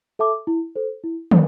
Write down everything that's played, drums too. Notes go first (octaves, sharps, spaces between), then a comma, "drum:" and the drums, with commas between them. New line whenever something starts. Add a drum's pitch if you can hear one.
A4 E5 A5 D6
E4
A4 C5
E4
A4, drum: tom